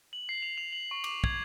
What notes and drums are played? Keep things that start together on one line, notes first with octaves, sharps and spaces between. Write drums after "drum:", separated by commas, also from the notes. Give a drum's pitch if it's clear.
F#7
C7
F7
F7
F#7
C#6
D6, drum: cymbal
G#6, drum: kick